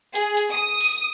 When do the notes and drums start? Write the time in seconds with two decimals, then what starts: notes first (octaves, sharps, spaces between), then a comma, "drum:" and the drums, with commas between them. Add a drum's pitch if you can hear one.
0.15 G#4, drum: hi-hat
0.37 drum: hi-hat
0.51 D#6
0.81 drum: open hi-hat